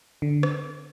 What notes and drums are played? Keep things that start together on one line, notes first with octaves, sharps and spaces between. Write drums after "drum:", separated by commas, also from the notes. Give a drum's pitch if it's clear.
D3
drum: rim click